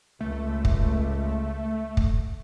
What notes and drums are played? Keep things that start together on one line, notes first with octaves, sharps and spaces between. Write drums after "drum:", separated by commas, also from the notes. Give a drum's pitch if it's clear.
C#2 A3
drum: kick
drum: kick